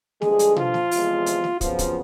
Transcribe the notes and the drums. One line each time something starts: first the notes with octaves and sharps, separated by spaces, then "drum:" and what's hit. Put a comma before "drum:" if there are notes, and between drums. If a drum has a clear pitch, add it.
G2 D3 F3 G#3 G#4, drum: snare
drum: hi-hat
F3 F4, drum: tom B2
drum: snare
E2 C3 F3 G#3, drum: open hi-hat
drum: hi-hat
drum: snare
F2 C#3 F3 F#3 B3 F4, drum: kick, hi-hat
drum: kick, hi-hat